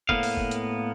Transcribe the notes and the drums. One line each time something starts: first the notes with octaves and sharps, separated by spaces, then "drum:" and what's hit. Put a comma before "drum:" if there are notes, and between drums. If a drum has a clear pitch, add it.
A2 A#3 B3 F5, drum: kick
drum: open hi-hat
drum: kick
drum: hi-hat